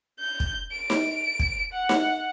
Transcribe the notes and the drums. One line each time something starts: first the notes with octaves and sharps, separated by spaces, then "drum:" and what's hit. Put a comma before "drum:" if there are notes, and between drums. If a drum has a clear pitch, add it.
G6
drum: kick
D7
drum: snare D#4
drum: kick
F#5
drum: snare D#4